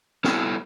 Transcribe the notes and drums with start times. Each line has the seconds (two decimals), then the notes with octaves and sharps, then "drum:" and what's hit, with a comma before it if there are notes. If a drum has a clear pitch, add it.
0.24 G3 B3 E4 A4, drum: snare